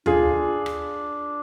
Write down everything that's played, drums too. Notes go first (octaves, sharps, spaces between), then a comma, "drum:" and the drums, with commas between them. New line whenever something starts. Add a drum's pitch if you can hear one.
D4 F4 G#4, drum: tom
drum: rim click